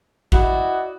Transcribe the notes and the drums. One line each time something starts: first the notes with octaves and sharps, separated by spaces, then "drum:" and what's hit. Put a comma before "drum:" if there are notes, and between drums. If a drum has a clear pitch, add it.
E4 F#4 D5 D#5, drum: kick